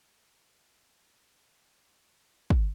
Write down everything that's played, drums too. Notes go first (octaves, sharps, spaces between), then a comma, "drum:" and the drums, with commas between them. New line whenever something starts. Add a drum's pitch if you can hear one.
A#1 G2 B4 F6 A6
D#4 F#4 G4 C#5
F#4
drum: kick